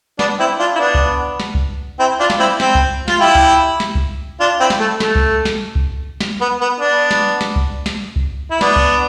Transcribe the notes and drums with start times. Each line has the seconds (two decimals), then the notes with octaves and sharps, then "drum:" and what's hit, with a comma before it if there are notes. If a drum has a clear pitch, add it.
0.19 B3 D4, drum: snare
0.39 C4 E4
0.59 D4 F4
0.76 E4
0.79 B3 D4
0.94 drum: kick C2
1.40 drum: snare
1.55 drum: kick C2
1.99 C4 E4
2.20 D4 F4
2.30 drum: snare
2.39 C4 E4
2.60 C4, drum: snare
2.75 drum: kick C2
3.08 F4, drum: snare
3.20 E4 G4
3.35 drum: kick C2
3.80 drum: snare
3.95 drum: kick C2
4.40 D4 F4
4.60 C4 E4
4.70 drum: snare
4.80 A3
5.00 A3, drum: snare
5.15 drum: kick C2
5.45 drum: snare
5.75 drum: kick C2
6.21 drum: snare
6.41 B3
6.61 B3
6.80 B3 D4
7.11 drum: snare
7.41 drum: snare
7.56 drum: kick C2
7.86 drum: snare
8.16 drum: kick C2
8.51 E4
8.61 B3 D4, drum: snare
8.76 drum: kick C2